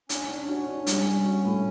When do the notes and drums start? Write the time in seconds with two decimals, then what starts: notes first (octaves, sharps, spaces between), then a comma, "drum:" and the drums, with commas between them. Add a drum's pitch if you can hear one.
0.09 C#4 D4, drum: hi-hat
0.28 D4
0.48 C#4 F#4
0.67 D4
0.87 G3 C#4, drum: hi-hat
1.06 G3
1.25 F#4
1.45 A2